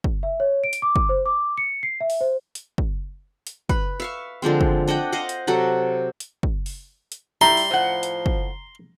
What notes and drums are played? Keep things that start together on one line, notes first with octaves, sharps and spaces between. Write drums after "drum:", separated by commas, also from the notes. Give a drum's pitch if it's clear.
drum: kick
E5
C#5
D7
drum: hi-hat
D6
drum: kick
C5
D6
C#7
C7
E5
drum: open hi-hat
C5
drum: hi-hat
drum: kick
drum: hi-hat
B4, drum: kick
E5 F5 C#6
D3 F3 G#3 C4
drum: kick
D4 D#5 F#5 G5
C5 D#5 F5 F#5
drum: hi-hat
C3 F#3 A4 F#5
drum: hi-hat
drum: kick
drum: open hi-hat
drum: hi-hat
G3 E4 A#5 C6
drum: open hi-hat
A2 F3 F#5
drum: hi-hat
drum: kick